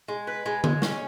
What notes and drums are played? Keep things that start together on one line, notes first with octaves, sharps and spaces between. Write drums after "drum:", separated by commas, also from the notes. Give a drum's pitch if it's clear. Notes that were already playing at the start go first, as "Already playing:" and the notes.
G#3
B4
G#3
G#3, drum: tom D3
C#4, drum: snare